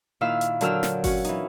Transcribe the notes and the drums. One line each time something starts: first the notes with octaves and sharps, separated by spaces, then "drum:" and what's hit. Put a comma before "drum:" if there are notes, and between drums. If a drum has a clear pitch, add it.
A#2 D#3 E4 F5 E6 F6
drum: hi-hat
D3 F#3 A#4 G5 E6 F6, drum: hi-hat
drum: snare
C#4 F#4, drum: kick G1, open hi-hat
E3 D#4, drum: hi-hat